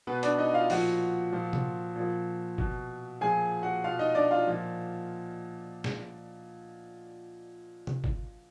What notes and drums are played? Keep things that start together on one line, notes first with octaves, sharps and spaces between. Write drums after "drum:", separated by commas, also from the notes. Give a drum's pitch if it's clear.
B2 B3 B4
D4 D5, drum: hi-hat
D#4 D#5
F4 F5
A#2 F3 F#4 F#5, drum: open hi-hat
A#2 F3
drum: tom
A#2 F3
B2, drum: kick
A#2 F3 G#4 G#5
F#4 F#5
B2 F4 F5
D#4 D#5
D4 D5
F4 F5
A#2 F3
drum: snare
drum: tom
drum: kick